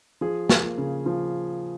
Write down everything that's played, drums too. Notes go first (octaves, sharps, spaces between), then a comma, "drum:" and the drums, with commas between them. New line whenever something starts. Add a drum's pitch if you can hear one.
F3 G#4
A#3, drum: snare
C#3
F3